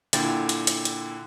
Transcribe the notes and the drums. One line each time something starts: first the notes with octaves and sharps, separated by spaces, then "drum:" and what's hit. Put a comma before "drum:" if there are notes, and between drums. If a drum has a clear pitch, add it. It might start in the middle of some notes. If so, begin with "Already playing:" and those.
A#2 D3 E4 G5 A6, drum: hi-hat
drum: hi-hat
drum: hi-hat
drum: hi-hat